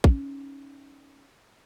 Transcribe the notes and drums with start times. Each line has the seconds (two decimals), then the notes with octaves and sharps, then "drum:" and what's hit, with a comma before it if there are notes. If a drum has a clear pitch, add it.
0.04 C#4 D#4, drum: kick